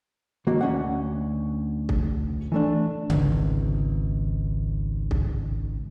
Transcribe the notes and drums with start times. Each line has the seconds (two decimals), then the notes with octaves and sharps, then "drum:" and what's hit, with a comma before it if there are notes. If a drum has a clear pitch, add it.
0.47 D#3 A#3 F#4
0.61 D2 C#4 F#5
1.89 drum: kick
2.52 E3 A3 D4
3.10 G#1 C#2, drum: tom C#3
5.11 drum: kick